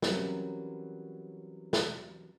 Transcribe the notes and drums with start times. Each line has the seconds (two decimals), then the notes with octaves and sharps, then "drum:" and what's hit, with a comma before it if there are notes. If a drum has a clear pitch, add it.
0.02 E3 F#3 G3 C4 C#4 A#4, drum: snare
1.73 drum: snare